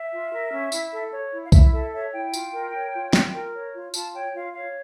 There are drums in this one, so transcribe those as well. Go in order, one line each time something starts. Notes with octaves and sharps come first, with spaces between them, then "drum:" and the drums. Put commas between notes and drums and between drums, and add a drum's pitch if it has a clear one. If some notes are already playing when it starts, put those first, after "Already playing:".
Already playing: E5
F4
A#4
C#4
E4, drum: tambourine
A4
C#5
E4
F5
E4 E5, drum: kick, tambourine
A4 E5
C#5 E5
E4 G5
F4, drum: tambourine
A#4
C#5
F4
F4, drum: snare
A#4
C#5
F4
F4 A5, drum: tambourine
C#5 G5
F4 F5
C#5 F5